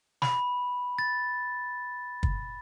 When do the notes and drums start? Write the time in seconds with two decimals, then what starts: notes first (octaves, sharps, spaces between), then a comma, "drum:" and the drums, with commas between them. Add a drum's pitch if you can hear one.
0.22 B5, drum: snare
0.99 A6
2.23 drum: kick